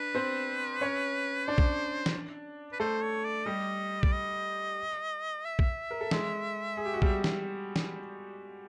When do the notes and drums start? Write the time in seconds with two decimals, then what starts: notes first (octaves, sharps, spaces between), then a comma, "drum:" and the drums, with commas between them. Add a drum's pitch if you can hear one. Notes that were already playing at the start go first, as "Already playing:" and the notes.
Already playing: D4 B4
0.15 C4 C5
0.81 C#4 C#5
1.47 D4 C5 D5
1.58 drum: kick B1
2.06 drum: snare
2.73 B4
2.80 A3 A4 C5
3.02 C#5
3.24 D5
3.46 G3 G4 D#5
4.03 D5, drum: kick B1
4.13 D#5
5.45 E5
5.59 drum: kick B1
5.91 A#4
6.01 A4
6.11 G#3 G#4, drum: snare
6.77 G#4
6.86 G4
6.94 F#4
7.02 G3 G4, drum: kick B1
7.24 drum: snare
7.76 drum: snare